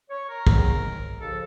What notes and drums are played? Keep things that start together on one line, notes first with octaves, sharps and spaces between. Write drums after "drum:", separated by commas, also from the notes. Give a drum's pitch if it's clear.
C#5
A#4
G#2 D#3 F#3, drum: kick
D#2 C#3 F3 A4